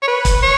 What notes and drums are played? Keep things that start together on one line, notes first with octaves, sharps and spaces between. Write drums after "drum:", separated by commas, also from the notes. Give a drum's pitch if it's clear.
C#5
B4
drum: kick, hi-hat
C#5